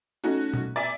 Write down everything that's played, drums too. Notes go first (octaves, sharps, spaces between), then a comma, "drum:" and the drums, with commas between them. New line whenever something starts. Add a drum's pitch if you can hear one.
A3 C#4 D#4 F#4
drum: tom B2
D5 E5 G#5